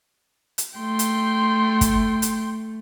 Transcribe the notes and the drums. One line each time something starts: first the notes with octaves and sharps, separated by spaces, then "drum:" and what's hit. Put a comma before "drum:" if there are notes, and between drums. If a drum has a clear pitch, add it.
drum: hi-hat
A3 G5 C6
drum: hi-hat
drum: kick, hi-hat
drum: hi-hat